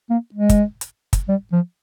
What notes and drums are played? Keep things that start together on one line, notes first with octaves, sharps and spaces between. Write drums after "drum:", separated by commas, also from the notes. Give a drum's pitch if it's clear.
A#3
G#3
drum: kick, hi-hat
drum: hi-hat
drum: kick, hi-hat
G3
F3